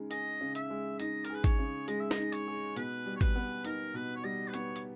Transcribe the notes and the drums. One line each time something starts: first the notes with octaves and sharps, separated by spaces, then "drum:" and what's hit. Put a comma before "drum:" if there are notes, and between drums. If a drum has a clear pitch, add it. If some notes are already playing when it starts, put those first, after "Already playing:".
Already playing: C#3 G#3 D#4
G#4 D#5, drum: hi-hat
C#3
E5, drum: hi-hat
G#3
D#4 D#5, drum: hi-hat
A#4, drum: hi-hat
G#4 B4
C#5, drum: kick G#1, hi-hat
C#3
G#3 D#5, drum: hi-hat
E5
D#5, drum: snare
D#4
C#5, drum: hi-hat
G#4
B2 B4, drum: hi-hat
G3
C#5
B4, drum: kick G#1, hi-hat
B3
D#4 A#4, drum: hi-hat
B2 B4
C#5
G3 D#5
B4
B3 C#5, drum: hi-hat
drum: hi-hat